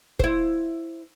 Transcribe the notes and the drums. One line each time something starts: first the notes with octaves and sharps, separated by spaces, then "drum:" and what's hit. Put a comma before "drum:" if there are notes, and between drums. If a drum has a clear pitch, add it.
E4 C5, drum: kick